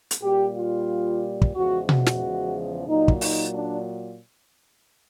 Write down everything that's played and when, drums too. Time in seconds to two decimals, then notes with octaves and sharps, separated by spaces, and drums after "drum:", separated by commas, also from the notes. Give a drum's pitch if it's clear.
0.11 drum: hi-hat
0.22 A#2 G3 G4
0.56 F4
1.42 drum: kick
1.55 E2 C#3 F3 G#3 F#4
1.89 F#4, drum: tom B2
2.06 drum: snare
2.87 A#2 F#3 D#4
3.08 drum: kick
3.21 D#4, drum: open hi-hat
3.54 D4